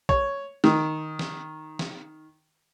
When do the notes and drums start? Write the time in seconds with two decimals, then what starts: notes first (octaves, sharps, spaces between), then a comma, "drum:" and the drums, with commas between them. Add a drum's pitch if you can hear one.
0.09 C#5, drum: kick
0.64 D#3, drum: snare
1.19 drum: snare
1.79 drum: snare